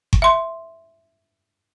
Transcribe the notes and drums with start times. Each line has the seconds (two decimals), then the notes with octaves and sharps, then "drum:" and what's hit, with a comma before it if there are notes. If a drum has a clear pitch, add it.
0.13 drum: kick G1
0.22 E5 C6